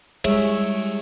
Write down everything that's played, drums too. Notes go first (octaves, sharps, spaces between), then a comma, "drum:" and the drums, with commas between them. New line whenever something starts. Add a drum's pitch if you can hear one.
G3 G#3 G#4 C#5 E5, drum: cymbal